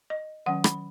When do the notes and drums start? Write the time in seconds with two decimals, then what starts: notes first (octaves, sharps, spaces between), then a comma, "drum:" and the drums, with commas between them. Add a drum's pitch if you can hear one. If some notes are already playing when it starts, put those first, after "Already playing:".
0.10 D#5
0.46 D#3 F#3 C#4 F#5
0.64 B5, drum: rim click